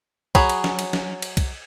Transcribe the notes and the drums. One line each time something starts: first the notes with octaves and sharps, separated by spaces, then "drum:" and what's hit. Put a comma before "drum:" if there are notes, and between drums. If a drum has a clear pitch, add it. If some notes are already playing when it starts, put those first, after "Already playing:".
F#3 G#4 B5, drum: kick, cymbal
drum: cymbal
drum: snare F#3
drum: cymbal
drum: snare F#3
drum: cymbal
drum: kick, cymbal